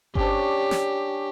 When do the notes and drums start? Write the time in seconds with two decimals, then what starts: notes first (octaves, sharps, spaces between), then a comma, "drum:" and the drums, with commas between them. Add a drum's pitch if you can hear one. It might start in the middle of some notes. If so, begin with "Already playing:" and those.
0.15 C#4 D4 G4, drum: kick G1
0.71 drum: snare